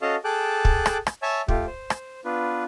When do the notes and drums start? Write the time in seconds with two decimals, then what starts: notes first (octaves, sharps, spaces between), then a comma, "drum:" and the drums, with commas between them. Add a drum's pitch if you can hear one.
0.02 C#4 F#4 A4 D#5 F5 A5
0.24 G#4 A4 G5 A5 D6 F#6
0.65 drum: kick
0.86 drum: rim click
1.07 drum: rim click
1.22 C#5 E5 G#5 A5 E6
1.48 A3 F4 G4, drum: kick
1.67 C5
1.90 drum: rim click
2.25 B3 D4 F4 B4